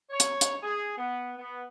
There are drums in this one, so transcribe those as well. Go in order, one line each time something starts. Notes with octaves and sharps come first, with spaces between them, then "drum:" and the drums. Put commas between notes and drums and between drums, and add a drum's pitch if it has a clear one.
C#5
drum: hi-hat
drum: hi-hat
G#4
B3
B3